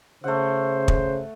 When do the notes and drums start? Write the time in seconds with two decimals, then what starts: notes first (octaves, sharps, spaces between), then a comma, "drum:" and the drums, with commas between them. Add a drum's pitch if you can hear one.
0.24 C#3 A3 C5 F#5
0.88 drum: kick